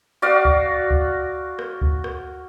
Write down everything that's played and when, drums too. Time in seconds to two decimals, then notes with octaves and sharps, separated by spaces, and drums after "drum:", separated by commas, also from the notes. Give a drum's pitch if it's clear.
0.22 F#4 D5 F5
0.45 drum: kick
0.90 drum: kick
1.59 drum: rim click
1.81 drum: kick
2.04 drum: rim click